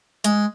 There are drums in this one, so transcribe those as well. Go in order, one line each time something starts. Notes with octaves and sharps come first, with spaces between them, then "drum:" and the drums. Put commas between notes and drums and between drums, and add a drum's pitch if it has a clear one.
G#3, drum: hi-hat